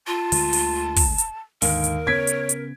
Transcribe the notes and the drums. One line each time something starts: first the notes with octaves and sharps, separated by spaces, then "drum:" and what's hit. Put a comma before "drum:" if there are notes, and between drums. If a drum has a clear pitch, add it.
F4 A5
D2 D3 G#3, drum: open hi-hat
drum: open hi-hat
drum: kick, open hi-hat
drum: hi-hat
D#2 G#2 D3 A#4, drum: open hi-hat
drum: hi-hat
C#3 B3 C#4 C#5 G#6 B6 D7
drum: hi-hat
drum: hi-hat